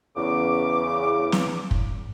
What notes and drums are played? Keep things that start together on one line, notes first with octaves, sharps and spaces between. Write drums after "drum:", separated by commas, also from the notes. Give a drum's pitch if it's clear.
E2 C#3 D6
drum: snare
drum: kick